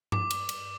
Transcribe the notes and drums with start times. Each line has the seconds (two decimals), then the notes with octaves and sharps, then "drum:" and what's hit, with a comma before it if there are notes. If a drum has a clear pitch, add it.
0.12 D6, drum: tom G2
0.31 drum: cymbal
0.49 drum: cymbal